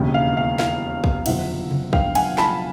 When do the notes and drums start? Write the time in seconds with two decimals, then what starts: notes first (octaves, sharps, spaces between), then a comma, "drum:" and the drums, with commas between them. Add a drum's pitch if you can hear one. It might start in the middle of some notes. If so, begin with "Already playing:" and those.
Already playing: E1 D#2 C#3
0.14 F5
0.37 F5
0.59 F5, drum: snare
1.04 drum: kick
1.26 F#1 F2 D3 F3 E5 F#5, drum: cymbal
1.71 drum: tom C3
1.93 F5 G5, drum: kick
2.15 F#5 G#5, drum: cymbal
2.38 A5 B5, drum: snare